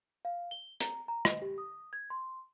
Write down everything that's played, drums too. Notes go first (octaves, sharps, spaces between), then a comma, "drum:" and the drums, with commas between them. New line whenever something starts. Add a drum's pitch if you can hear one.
F5
G7
A#5, drum: hi-hat
A#5
D#5, drum: rim click
G4
D#6
G#6
C6